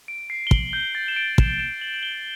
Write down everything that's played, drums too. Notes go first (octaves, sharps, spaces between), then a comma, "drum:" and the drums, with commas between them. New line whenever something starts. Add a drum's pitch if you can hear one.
D7
C7
G7
F#7, drum: kick
G6
A6
E7
D7
E7, drum: kick
E7
F#7
F#7
G7